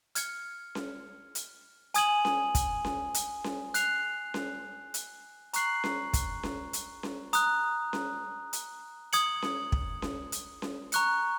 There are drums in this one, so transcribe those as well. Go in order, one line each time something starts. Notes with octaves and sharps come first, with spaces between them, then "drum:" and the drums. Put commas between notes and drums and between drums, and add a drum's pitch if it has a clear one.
F6 G#6 C#7, drum: hi-hat
drum: snare C#4
drum: hi-hat
G#5 D#6 G#6 D#7 F#7, drum: hi-hat
drum: snare C#4
drum: kick, hi-hat
drum: snare C#4
drum: hi-hat
drum: snare C#4
F#6 C7 F7, drum: hi-hat
drum: snare C#4
drum: hi-hat
A#5 C#6 F#6 C7 F#7, drum: hi-hat
drum: snare C#4
drum: kick, hi-hat
drum: snare C#4
drum: hi-hat
drum: snare C#4
A#5 D#6 F#6, drum: hi-hat
drum: snare C#4
drum: hi-hat
D#6 G#6 C#7 F#7, drum: hi-hat
drum: snare C#4
drum: kick
drum: snare C#4
drum: hi-hat
drum: snare C#4
A#5 C#6 F#6 C#7, drum: hi-hat